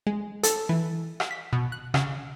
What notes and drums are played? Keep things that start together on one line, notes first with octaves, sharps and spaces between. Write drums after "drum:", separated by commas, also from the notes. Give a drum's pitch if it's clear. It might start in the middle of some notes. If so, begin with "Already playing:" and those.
G#3
A4, drum: hi-hat
E3
drum: rim click
B6
B2
F#6
C#3, drum: rim click